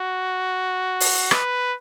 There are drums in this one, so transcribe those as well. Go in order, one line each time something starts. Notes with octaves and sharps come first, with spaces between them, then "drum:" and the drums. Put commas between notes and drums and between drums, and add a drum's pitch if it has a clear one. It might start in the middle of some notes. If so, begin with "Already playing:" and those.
Already playing: F#4
drum: open hi-hat
B4, drum: rim click